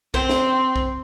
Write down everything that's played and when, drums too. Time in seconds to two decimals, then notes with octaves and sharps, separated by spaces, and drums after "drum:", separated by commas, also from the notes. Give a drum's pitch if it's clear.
0.14 C4 C5, drum: kick
0.29 drum: snare
0.76 drum: kick